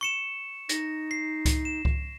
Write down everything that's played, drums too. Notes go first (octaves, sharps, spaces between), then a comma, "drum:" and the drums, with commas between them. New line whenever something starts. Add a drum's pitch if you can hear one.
C#6 C#7 E7
D#4 A#6, drum: hi-hat
C7
drum: kick C#2, hi-hat
E7
drum: kick C#2